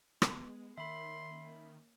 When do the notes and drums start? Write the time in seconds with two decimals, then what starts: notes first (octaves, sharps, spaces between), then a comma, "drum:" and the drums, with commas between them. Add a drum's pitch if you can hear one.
0.22 G#3 B3, drum: rim click
0.77 D#3 A#3 C#4 E5 B5 C6